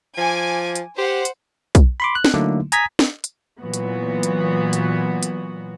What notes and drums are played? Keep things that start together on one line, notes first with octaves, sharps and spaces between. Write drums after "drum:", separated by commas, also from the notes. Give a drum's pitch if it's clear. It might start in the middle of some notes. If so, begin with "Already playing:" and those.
F3 G#5 D6
drum: hi-hat
G4 C5 F#5
drum: hi-hat
drum: kick, hi-hat
B5 C6 D6
F#6
drum: snare
D3 F#3 A3 A#3 D#4 E4
G#5 A#5 D#6 G#6 B6, drum: hi-hat
drum: snare
drum: hi-hat
A#2 E3 F#3 B3 F#4
drum: hi-hat
drum: hi-hat
drum: hi-hat
drum: hi-hat